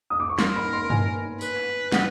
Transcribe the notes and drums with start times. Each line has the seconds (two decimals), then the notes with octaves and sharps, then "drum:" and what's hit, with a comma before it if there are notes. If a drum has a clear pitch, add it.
0.10 D#6
0.20 D6
0.29 C#6
0.39 A#4 C6, drum: snare
0.56 B5
0.73 C6
0.90 G#5, drum: tom G2
1.41 B4, drum: tambourine
1.92 F#5, drum: snare